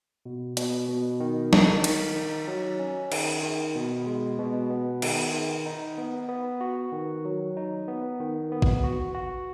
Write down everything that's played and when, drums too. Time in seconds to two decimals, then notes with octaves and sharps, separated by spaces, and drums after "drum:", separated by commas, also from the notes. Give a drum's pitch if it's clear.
0.25 B2
0.57 B2, drum: hi-hat
0.89 B2
1.20 D#3
1.53 D#4, drum: snare
1.84 D#3, drum: cymbal
2.16 D#4
2.48 F#3
2.79 C#4
3.12 D#3, drum: cymbal
3.43 D#3
3.75 B2
4.06 G#3
4.39 B2
4.70 B3
5.02 D#3, drum: cymbal
5.33 D#3
5.66 D#4
5.98 B3
6.29 B3
6.61 F#4
6.92 D#3
7.25 F#3
7.57 D#4
7.88 B3
8.20 D#3
8.52 B3
8.62 drum: kick
8.84 F#4
9.15 F#4